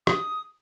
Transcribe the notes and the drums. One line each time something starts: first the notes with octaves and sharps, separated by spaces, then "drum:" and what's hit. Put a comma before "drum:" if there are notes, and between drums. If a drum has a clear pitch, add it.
D#6, drum: rim click